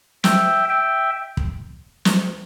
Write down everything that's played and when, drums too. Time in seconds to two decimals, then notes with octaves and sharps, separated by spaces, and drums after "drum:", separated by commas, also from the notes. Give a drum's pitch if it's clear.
0.24 E5 G5, drum: snare
0.69 E5 G5
1.37 drum: kick
2.05 drum: snare